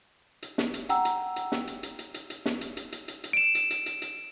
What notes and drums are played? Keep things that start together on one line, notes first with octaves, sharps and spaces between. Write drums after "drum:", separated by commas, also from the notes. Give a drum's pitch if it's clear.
drum: hi-hat
drum: snare
drum: hi-hat
F#5 G5 A#5 E6, drum: hi-hat
drum: hi-hat
drum: hi-hat
drum: snare
drum: hi-hat
drum: hi-hat
drum: hi-hat
drum: hi-hat
drum: hi-hat
drum: snare
drum: hi-hat
drum: hi-hat
drum: hi-hat
drum: hi-hat
drum: hi-hat
D7 E7
drum: hi-hat
drum: hi-hat
drum: hi-hat
drum: hi-hat